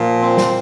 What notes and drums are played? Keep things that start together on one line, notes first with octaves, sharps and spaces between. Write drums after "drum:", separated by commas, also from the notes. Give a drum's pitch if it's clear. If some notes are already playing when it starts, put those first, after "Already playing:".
Already playing: A#2 F3
C4
drum: snare